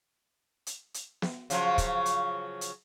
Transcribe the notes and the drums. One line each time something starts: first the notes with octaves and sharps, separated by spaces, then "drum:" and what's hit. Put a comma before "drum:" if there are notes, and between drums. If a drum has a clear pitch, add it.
drum: hi-hat
drum: hi-hat
drum: snare
C#3 F3 F#3, drum: hi-hat
drum: kick, hi-hat
drum: hi-hat
drum: hi-hat